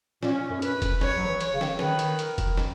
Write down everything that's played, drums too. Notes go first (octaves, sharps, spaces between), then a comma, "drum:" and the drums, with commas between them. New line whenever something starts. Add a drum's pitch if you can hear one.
A#2 C#4, drum: snare
F#2
B4, drum: hi-hat
drum: kick F1, hi-hat
C#5, drum: snare
F#3
E3
C#5, drum: hi-hat
C#3
D#3, drum: snare
C#3
D#3 B4, drum: snare
drum: hi-hat
A#4, drum: hi-hat
drum: kick F1, hi-hat
drum: snare